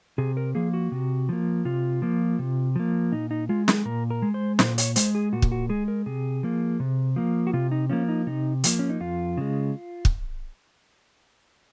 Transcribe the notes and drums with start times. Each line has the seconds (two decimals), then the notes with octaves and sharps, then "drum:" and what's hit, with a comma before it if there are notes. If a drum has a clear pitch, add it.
0.18 C3 G#4
0.37 A#4
0.55 F3 A#3 G#4
0.74 F#4
0.92 C3
1.29 F3 A#3
1.65 C3 F4
2.02 F3 A#3
2.39 C3
2.76 F3 A#3
3.12 A#2 D#4
3.31 D#4
3.49 G#3 F4
3.68 G#4, drum: snare
3.85 A#2 A#4
4.10 A#4
4.22 G#3
4.34 C5
4.59 A#2 C5, drum: snare
4.78 C#5, drum: hi-hat
4.96 G#3 C5, drum: hi-hat
5.15 G#4
5.33 A#2 F#4
5.42 drum: kick
5.52 F#4
5.69 G#3 G#4
5.88 A#4
6.06 C3 G#4
6.43 F3 A#3
6.80 C3
7.16 F3 A#3
7.47 F#4
7.53 C3 F4
7.72 D#4
7.90 F3 A#3 C#4
8.08 D#4
8.27 C3 D#4
8.64 F3 A#3, drum: hi-hat
8.79 C#4
8.89 D#4
9.00 F2 F4
9.38 C#3 G#3
10.05 drum: kick